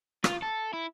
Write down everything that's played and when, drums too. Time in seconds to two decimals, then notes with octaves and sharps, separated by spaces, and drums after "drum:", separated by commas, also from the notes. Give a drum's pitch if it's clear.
0.24 F4, drum: rim click
0.43 A4
0.73 E4